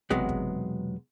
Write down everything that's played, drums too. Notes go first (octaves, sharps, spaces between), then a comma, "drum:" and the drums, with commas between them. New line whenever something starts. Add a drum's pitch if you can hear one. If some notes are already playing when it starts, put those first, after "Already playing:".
B1 E2 C3 F#3 G#3 B3, drum: kick
drum: kick